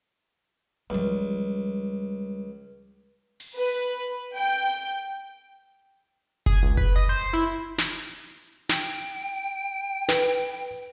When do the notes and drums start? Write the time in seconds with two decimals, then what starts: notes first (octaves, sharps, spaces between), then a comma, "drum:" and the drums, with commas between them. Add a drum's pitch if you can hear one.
0.90 C#2 F3 G3
3.40 drum: open hi-hat
3.57 B4
4.36 G5
6.46 G#4, drum: kick F#1
6.63 C#2
6.77 B4, drum: kick F#1
6.96 D#5
7.09 C5
7.33 E4
7.78 drum: snare
8.69 G5, drum: snare
10.08 B4, drum: snare